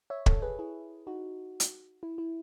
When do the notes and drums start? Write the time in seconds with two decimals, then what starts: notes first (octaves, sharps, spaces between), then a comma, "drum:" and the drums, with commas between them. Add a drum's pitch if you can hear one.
0.10 C#5 E5
0.26 A4 C#5, drum: kick
0.42 G#4 B4
0.59 E4 G#4
1.07 D#4 F#4
1.60 drum: hi-hat
2.03 E4
2.18 E4